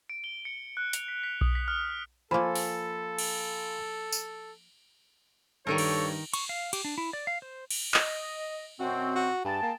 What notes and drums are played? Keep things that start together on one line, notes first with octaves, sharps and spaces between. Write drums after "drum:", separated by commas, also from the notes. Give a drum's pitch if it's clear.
D7
G7
C#7
F#6
F7, drum: hi-hat
B6
B6
D#6, drum: kick B1
B6
F6
F3 A#3 F4 A4 G#5 B5
drum: open hi-hat
drum: cymbal
drum: tambourine
G2 D#3 D#4 A4 A#4 C#5
drum: cymbal
C#6, drum: cymbal
F5
G4, drum: cymbal
D4
E4
D5
F5
C5
drum: cymbal
D#5, drum: clap
F#2 B2 C4 F#4
F#4
G2 G#4 G5 A5
A#3